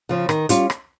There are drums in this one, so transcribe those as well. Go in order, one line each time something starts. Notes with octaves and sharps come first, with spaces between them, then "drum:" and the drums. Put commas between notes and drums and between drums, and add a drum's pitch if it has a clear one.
C#3 F3
D#3, drum: rim click
G3 C#4 F4, drum: hi-hat
drum: rim click